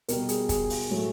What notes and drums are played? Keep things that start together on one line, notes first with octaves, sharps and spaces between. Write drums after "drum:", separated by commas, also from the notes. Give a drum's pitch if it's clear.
B2 G3 A#4, drum: hi-hat
G#4, drum: hi-hat
G#4, drum: kick, hi-hat
drum: open hi-hat
A2 F#3 A3